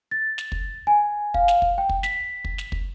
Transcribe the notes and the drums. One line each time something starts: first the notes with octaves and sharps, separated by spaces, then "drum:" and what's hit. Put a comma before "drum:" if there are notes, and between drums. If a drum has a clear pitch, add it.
A6
drum: snare
drum: kick
G#5
F5, drum: kick
drum: snare
drum: kick
G5
drum: kick
B6, drum: snare
drum: kick
drum: snare
drum: kick